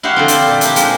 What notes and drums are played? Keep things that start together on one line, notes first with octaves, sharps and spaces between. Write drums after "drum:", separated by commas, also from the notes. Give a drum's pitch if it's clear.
E4 F#4 G4 C5 F5 F#5
D3 F3 C4
C5 D5, drum: hi-hat
A#2
D4 E4 G4, drum: hi-hat
G#3 A#3 D4 D#4, drum: hi-hat